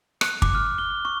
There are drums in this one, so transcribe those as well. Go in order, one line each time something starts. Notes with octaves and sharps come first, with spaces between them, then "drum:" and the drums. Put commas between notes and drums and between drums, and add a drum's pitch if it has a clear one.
F#6, drum: rim click
D6, drum: kick
F6
G7
C#6